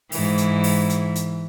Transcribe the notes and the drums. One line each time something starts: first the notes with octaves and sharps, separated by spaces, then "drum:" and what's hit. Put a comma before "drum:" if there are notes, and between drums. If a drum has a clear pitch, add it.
G#2 E3, drum: open hi-hat
drum: hi-hat
drum: open hi-hat
drum: hi-hat
drum: hi-hat